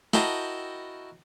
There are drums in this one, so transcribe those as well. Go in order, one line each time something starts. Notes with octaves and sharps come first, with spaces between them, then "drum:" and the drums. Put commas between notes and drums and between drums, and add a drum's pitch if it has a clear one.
E4 F#4 A#4 D#5 G5 A5, drum: snare